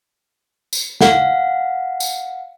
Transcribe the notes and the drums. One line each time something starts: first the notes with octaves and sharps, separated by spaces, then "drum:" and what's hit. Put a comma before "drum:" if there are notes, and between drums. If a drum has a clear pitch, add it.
drum: tambourine
F5 F#5, drum: snare
drum: tambourine